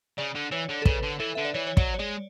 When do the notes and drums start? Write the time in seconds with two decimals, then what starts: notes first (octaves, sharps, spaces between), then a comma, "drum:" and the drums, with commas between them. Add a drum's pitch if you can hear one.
0.18 C#3 D5
0.35 D3
0.51 E3 C#5
0.69 D3
0.82 A4
0.85 C#3 B4, drum: kick
1.03 D3
1.20 E3 A4
1.35 D3 E5
1.45 D5
1.54 E3 C#5
1.67 C#5
1.77 F#3 D5, drum: kick
1.94 C#5
1.99 G#3 D5